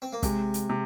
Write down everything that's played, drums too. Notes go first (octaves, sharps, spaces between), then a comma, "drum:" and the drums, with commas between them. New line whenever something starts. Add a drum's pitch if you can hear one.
C4
A#3
C3 G#3, drum: kick, hi-hat
drum: hi-hat
C3